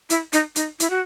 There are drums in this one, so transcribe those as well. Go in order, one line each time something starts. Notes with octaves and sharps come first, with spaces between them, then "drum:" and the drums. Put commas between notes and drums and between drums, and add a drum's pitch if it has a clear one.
E4, drum: hi-hat
D#4, drum: hi-hat
D#4, drum: hi-hat
E4, drum: hi-hat
F#4